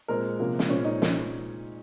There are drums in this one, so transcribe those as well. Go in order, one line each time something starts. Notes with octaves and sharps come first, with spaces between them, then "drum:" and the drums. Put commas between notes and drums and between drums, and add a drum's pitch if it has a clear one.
A#2 G#3 C4 A#4
C3 F3 A#3 C#4
drum: snare
A#2 G#3 C4 C#4 C#5
D#4 D#5
drum: snare